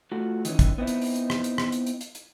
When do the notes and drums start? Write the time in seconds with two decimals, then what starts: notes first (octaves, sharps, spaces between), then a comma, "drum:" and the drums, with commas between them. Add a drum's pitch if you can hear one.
0.12 A3 F4 F#4
0.45 D#3 E3 C#4, drum: hi-hat
0.59 drum: kick, hi-hat
0.78 B3 C4 D#4 E4
0.87 drum: hi-hat
1.02 drum: open hi-hat
1.16 drum: hi-hat
1.30 drum: rim click
1.44 drum: hi-hat
1.58 drum: rim click
1.72 drum: hi-hat
1.87 drum: hi-hat
2.01 drum: hi-hat
2.15 drum: hi-hat